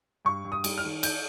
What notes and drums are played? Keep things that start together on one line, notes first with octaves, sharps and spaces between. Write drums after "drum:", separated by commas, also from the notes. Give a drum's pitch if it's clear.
G2 C#6
G2
D#6
G3, drum: cymbal
F6
D#3
G6, drum: cymbal